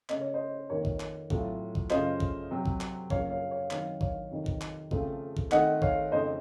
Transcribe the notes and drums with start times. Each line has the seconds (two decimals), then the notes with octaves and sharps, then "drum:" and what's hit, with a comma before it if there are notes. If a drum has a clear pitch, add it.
0.09 C#3 A3 C#4 D#5, drum: clap
0.21 C#5
0.34 C5 D#5
0.69 F2 D#3 A#3 A#4 C#5
0.85 drum: kick A1
1.00 drum: clap
1.30 A2 F#3 C4 F4, drum: kick A1
1.75 drum: kick A1
1.90 F#2 C#3 A3 C#4 F4 C5 D#5, drum: clap
2.20 drum: kick A1
2.51 C3 F#3 C4
2.66 drum: kick A1
2.81 drum: clap
3.10 F#2 C#3 F3 A#3 C#5 F5, drum: kick A1
3.30 C#5 F5
3.51 C#5 F5
3.71 D#3 F#3 C4 C#5 F5, drum: clap
4.01 C#5 F5, drum: kick A1
4.31 F2 C3 D#3
4.46 drum: kick A1
4.61 drum: clap
4.91 C#3 F3 A3 C4 F4, drum: kick A1
5.37 drum: kick A1
5.51 D#3 A3 C4 D#4 D#5 F#5, drum: clap
5.82 C#5 F5, drum: kick A1
6.12 F2 C#3 A3 D#4 C5 D#5